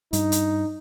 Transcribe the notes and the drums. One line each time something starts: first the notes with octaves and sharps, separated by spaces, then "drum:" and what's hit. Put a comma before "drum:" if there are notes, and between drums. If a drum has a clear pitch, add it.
G2 D#4, drum: hi-hat
drum: hi-hat